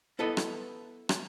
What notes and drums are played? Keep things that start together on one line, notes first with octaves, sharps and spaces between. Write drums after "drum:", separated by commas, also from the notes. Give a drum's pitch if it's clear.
B3 E4 A4 B4 D#5
drum: rim click
drum: rim click